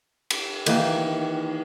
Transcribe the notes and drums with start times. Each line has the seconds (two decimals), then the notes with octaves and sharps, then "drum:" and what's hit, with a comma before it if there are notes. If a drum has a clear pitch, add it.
0.30 drum: cymbal
0.66 D#3 E3 A#3, drum: cymbal